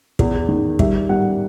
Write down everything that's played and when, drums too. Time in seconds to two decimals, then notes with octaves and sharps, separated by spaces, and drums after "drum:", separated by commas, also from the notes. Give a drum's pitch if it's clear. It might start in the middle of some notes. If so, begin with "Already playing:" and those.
0.19 E2, drum: kick
0.49 D#3
0.79 G3 E5, drum: kick
1.09 G3 F#5